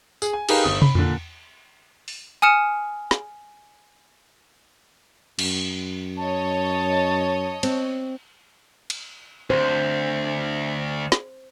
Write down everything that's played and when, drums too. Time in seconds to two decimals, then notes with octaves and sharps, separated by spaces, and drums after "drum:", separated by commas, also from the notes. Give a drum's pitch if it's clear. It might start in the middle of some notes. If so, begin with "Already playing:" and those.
0.22 G#4, drum: tambourine
0.33 G#5
0.49 D#4 G4 G#4 A#4 B4 F5, drum: cymbal
0.64 G1 D#6
0.82 B5, drum: tom
0.95 A#2 D3, drum: tom E2
2.08 drum: open hi-hat
2.42 G#5 D#6 F6 C#7 E7
3.11 drum: snare
5.39 F#2, drum: cymbal
6.17 C#5 D#5 A5
7.63 C4, drum: cymbal
8.90 drum: cymbal
9.50 D2 C5
11.12 drum: snare